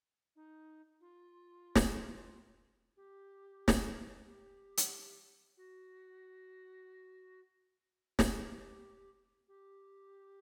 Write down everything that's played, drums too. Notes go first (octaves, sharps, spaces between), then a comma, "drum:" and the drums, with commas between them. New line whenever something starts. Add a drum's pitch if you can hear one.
D#4
F4
drum: snare
G4
drum: snare
G4
drum: hi-hat
F#4
G4, drum: snare
G4